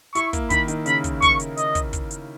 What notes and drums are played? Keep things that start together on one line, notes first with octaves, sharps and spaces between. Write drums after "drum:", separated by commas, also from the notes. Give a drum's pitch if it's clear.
E4 C#6, drum: hi-hat
A#3, drum: kick, hi-hat
D#3 B5, drum: kick, hi-hat
D#3, drum: hi-hat
C#3 B5, drum: hi-hat
drum: kick, hi-hat
C#6, drum: kick, hi-hat
drum: hi-hat
D#5, drum: hi-hat
drum: kick, hi-hat
drum: kick, hi-hat
drum: hi-hat